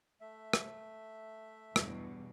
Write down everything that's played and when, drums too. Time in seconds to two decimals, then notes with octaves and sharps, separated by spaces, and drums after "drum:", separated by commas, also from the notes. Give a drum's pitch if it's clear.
0.21 A3 E5
0.53 drum: rim click
1.76 E2 G2 B2, drum: rim click